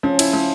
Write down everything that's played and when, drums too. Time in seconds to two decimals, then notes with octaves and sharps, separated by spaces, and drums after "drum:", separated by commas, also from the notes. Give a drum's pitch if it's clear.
0.03 F3 C#4
0.19 E4, drum: cymbal
0.33 F3